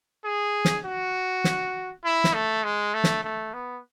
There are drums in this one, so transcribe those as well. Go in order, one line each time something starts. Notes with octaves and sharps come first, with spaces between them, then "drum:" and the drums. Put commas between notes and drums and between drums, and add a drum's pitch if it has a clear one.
G#4
drum: snare
F#4
drum: snare
E4
drum: snare
A3
G#3
A3
drum: snare
A3
B3